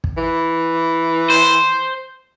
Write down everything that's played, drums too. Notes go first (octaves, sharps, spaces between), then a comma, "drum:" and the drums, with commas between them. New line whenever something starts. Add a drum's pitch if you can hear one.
drum: kick
E3
C5, drum: open hi-hat